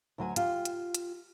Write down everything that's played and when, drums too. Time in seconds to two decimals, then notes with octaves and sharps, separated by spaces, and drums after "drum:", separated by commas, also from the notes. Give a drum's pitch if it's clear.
0.18 D2 F#3 G#5
0.36 F4 G4, drum: hi-hat
0.65 drum: hi-hat
0.95 drum: hi-hat